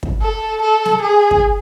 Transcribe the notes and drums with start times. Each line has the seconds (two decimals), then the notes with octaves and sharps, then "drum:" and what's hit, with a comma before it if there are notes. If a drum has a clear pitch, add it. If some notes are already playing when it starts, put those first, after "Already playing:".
0.03 drum: kick
0.22 A4
0.62 A4
0.85 drum: snare
1.02 G#4
1.31 drum: kick